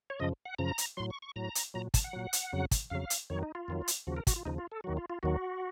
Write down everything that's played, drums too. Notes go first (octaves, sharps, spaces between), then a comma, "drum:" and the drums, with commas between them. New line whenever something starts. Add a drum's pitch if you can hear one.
C#5
F#2 C#3 F3 D#5
F#5
F#2 C#3 F3 A#5
drum: hi-hat
A2 F#3 C6
C#6
C#6
A2 F#3 A#5
drum: hi-hat
A#2 F#3 A#5
A5, drum: kick, hi-hat
F#5
A#2 F#3
drum: hi-hat
F2 C#3 F#3
drum: kick, hi-hat
F2 C#3 F#3 F5
drum: hi-hat
F2 D#3 F#3 C#5
D#4
F4
F2 D#3 F#3
drum: hi-hat
D#2 C#3 F3 F#4
A#4
F#4, drum: kick, hi-hat
F4
D#2 C#3 F3 D#4
F4
A4
D#2 D#3 F#3 F#4
F4
F4
D#2 D#3 F#3 F#4